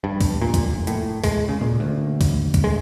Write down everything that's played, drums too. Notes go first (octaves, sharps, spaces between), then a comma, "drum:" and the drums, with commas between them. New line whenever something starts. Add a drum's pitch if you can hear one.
G2
drum: kick C#2, open hi-hat
A#2
drum: kick C#2, hi-hat
F1
A2, drum: hi-hat
G#3, drum: kick C#2, open hi-hat
C#3
A#2
D2
drum: kick C#2, open hi-hat
drum: kick C#2, hi-hat
G#3